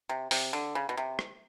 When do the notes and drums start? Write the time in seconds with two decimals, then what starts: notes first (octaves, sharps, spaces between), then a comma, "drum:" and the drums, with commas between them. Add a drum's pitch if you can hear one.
0.09 C3
0.31 C3, drum: open hi-hat
0.53 D3
0.75 C#3
0.89 B2
0.97 C3
1.19 drum: rim click